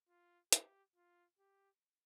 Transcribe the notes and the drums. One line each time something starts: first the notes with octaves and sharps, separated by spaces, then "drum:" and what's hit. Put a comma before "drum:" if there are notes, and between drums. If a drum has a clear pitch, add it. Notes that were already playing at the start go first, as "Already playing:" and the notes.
F4
G4, drum: hi-hat
F4
G4